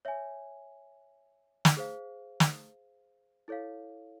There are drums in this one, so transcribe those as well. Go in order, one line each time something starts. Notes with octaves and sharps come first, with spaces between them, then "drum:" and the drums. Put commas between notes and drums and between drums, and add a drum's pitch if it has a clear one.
C#5 E5 G#5
drum: snare
G#4 C5 F5
drum: snare
E4 A4 C#5 F5